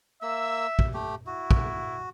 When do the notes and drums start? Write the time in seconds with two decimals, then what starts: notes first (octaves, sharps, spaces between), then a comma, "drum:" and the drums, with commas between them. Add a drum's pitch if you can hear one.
0.22 A#3 E5 E6
0.79 drum: kick
0.94 A3 G4
1.27 E4 F#4
1.51 drum: kick